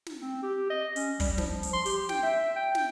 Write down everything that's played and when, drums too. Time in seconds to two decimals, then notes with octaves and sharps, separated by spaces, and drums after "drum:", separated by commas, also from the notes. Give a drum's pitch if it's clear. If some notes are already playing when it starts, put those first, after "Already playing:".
0.06 drum: snare
0.22 C4
0.43 G4
0.70 D#5
0.96 C#4, drum: hi-hat
1.20 G3, drum: kick, open hi-hat
1.38 F3, drum: snare
1.63 drum: hi-hat
1.73 C6
1.86 G4, drum: hi-hat
2.09 G5, drum: snare
2.23 E5
2.56 G5
2.75 drum: snare